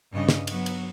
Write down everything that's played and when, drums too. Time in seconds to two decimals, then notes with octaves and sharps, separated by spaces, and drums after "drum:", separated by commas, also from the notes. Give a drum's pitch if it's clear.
0.13 G2 C#3 D#5
0.29 drum: snare
0.47 F#3 B3, drum: cymbal
0.66 drum: cymbal